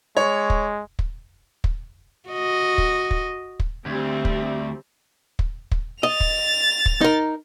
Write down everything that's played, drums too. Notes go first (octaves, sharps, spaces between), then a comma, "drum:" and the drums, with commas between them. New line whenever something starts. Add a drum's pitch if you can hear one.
G#3 C#5
drum: kick
drum: kick
drum: kick
F#4 D#5
drum: kick
drum: kick
drum: kick
D2 G3 C4
drum: kick
drum: kick
drum: kick
D#5 A6 F7
drum: kick
drum: kick
D#4 A#4